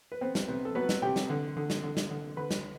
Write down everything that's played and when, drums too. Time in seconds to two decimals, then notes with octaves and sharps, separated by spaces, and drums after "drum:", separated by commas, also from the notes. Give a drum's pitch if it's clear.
0.12 B4
0.21 B3 C4 C5
0.35 drum: snare
0.48 C3 B3 B4
0.65 A4
0.75 F#3 B3 B4
0.89 drum: snare
1.02 C3 G4 G5
1.16 drum: snare
1.30 D3
1.57 D3
1.70 drum: snare
1.83 D3
1.97 drum: snare
2.10 D3
2.37 D3 B4 B5
2.51 drum: snare